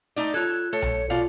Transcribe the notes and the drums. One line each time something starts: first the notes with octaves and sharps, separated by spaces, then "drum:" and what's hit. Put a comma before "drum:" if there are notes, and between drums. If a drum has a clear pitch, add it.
A3 D#4 D5
F4 A4 C#5 F#6 G#6
A3 A4 C#5 C#7
drum: tom B1
B2 F4 D5 F5